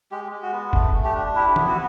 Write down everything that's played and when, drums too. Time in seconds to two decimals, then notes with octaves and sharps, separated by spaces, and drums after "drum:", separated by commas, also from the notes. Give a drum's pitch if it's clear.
0.11 G#3 G4
0.31 G#3
0.43 F#4
0.52 B3
0.73 A3, drum: kick
0.94 A3
1.04 G4
1.15 D4
1.35 E4 G4
1.56 B3, drum: tom D#3
1.68 F#4